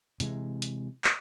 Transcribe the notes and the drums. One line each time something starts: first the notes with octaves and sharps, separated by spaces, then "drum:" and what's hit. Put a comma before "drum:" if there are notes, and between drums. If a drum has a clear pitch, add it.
C3 E3 G#3, drum: hi-hat
drum: hi-hat
drum: clap